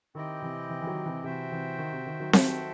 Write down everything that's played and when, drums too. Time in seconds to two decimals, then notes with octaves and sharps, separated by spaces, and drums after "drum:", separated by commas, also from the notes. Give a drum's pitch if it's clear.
0.15 D#3 C4 E4 G4 D#5 G5
0.42 C3 E3
0.69 C3 E3
0.82 E3
0.87 D#3 F#3
1.06 C3 E3
1.24 C3 E3 F#4 C5 E5 G5
1.51 C3 E3
1.78 D#3
1.92 C3
2.06 D#3
2.20 D#3 F#3
2.33 F#4 A4 C5 E5 G5, drum: snare C4